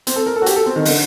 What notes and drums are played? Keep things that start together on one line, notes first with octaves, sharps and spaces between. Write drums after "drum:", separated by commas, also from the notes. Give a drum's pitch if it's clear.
C4, drum: hi-hat
A4
A#4
A4
F#4
G4, drum: hi-hat
A4
C4
D#3
D3, drum: open hi-hat